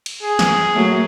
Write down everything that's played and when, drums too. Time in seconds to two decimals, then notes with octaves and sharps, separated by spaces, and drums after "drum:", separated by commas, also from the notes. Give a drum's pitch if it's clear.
0.06 drum: cymbal
0.23 G#4
0.39 drum: snare
0.73 F#3 A3 A#3